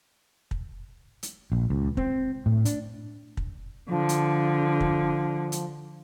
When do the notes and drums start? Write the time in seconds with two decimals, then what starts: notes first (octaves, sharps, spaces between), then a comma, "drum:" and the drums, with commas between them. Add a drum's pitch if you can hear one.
0.51 drum: kick
1.23 drum: hi-hat
1.52 A#1
1.70 C#2
1.97 C4, drum: kick
2.46 A2
2.65 D4, drum: hi-hat
3.37 drum: kick
3.88 D3 F3
4.09 drum: hi-hat
4.80 drum: kick
5.52 drum: hi-hat